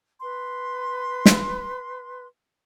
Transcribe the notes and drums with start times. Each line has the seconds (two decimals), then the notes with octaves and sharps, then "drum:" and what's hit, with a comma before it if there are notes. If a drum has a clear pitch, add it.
0.21 B4 C6
1.26 drum: snare